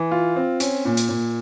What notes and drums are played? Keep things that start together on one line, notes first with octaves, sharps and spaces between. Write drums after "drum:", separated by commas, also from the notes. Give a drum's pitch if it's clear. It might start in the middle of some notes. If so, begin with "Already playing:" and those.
Already playing: E3
F4
C4
C#4, drum: hi-hat
A#2
drum: hi-hat
A#2